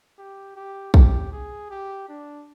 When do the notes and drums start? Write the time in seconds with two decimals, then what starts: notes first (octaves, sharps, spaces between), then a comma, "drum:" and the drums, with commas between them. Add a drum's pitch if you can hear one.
0.18 G4
0.56 G4
0.94 G4, drum: kick
1.32 G#4
1.70 G4
2.09 D4